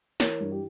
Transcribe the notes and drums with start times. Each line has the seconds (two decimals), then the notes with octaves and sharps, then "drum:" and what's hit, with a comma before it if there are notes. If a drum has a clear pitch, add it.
0.20 E3 A#4 C#5, drum: snare
0.40 G2
0.52 G4